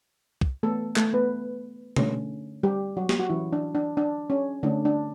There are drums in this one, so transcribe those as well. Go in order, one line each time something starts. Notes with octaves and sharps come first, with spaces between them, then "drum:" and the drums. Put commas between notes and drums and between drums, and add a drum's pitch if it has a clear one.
drum: kick
E3 A3 B3 A4
A3 A4, drum: clap
B3 B4
D3 A3 C#4, drum: tom
G3 G4
F#3 F#4
G4, drum: snare
F#4
E3 F#3 C#4 E4
D4
D4
D4
C#4
D3 A3 C#4 D4
D4